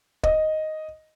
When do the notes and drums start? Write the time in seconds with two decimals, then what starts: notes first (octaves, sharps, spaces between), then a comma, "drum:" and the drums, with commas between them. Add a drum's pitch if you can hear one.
0.23 D#5, drum: kick